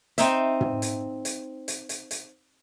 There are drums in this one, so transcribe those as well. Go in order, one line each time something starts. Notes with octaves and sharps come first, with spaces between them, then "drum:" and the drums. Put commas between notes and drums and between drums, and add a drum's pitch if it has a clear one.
C4 D#4 E5, drum: hi-hat
drum: tom
drum: hi-hat
drum: hi-hat
drum: hi-hat
drum: hi-hat
drum: hi-hat